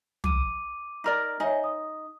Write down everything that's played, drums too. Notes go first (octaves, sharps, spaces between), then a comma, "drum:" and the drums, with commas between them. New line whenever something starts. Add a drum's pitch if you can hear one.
D6 D#7, drum: tom
D#4 A#4 D5
D#4 C#5 D#5 E5 G#5
D#6